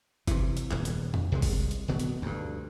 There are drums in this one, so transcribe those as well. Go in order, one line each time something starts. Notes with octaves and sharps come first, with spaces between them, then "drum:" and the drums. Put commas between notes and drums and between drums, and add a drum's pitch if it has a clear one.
C3 E3, drum: kick G1, hi-hat
drum: hi-hat
D#1 E2, drum: clap
drum: hi-hat
drum: tom F2
C2 C3 G3 G#3
drum: kick G1, open hi-hat
drum: hi-hat
D1 D2 B2 F#3
drum: hi-hat
D2 G2